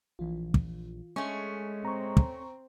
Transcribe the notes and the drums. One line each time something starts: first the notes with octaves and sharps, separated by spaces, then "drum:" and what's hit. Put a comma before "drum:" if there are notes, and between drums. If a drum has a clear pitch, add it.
A#1 E3 F4
drum: kick
G#3 A3 C#4 C#6
C4 A#5 C#6
drum: kick